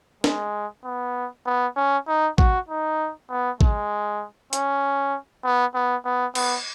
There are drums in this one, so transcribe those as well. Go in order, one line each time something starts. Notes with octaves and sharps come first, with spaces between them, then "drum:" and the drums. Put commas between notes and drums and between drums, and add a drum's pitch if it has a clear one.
G#3, drum: snare
B3
B3
C#4
D#4
F#4, drum: kick A1
D#4
B3
G#3, drum: kick A1
C#4, drum: hi-hat
B3
B3
B3
B3, drum: cymbal